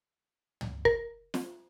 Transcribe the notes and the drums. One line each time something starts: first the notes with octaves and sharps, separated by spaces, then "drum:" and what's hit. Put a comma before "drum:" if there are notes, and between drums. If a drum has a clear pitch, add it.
drum: tom
A#4, drum: kick
drum: snare